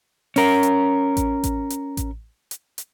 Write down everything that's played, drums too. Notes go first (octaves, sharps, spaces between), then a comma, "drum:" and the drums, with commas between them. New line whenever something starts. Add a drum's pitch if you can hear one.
C#4 A#4, drum: open hi-hat
drum: hi-hat
drum: kick A1, hi-hat
drum: kick A1, hi-hat
drum: hi-hat
drum: kick A1, hi-hat
drum: hi-hat
drum: hi-hat